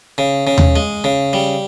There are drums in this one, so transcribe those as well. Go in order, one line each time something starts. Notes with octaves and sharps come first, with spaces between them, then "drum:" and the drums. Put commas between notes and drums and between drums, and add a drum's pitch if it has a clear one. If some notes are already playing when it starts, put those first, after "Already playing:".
C#3
C#3
drum: tom D#2
G#3
C#3
G3